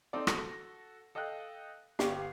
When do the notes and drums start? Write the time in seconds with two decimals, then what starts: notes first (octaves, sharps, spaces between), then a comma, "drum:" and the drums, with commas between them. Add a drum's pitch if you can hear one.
0.13 C4 D#4 A4 D5
0.27 F#4 A4 A#6, drum: rim click
1.15 A4 D#5 F5 G5 F#6
1.99 G1 G4 F5 C#6 D6 C7, drum: snare